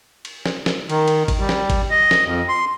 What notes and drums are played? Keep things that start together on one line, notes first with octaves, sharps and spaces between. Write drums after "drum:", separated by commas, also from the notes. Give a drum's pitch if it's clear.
drum: cymbal
drum: snare
drum: snare
D#3, drum: cymbal
drum: cymbal
drum: kick G#1, cymbal
G3
drum: snare
drum: kick G#1, cymbal
D#5
drum: snare
F2
C6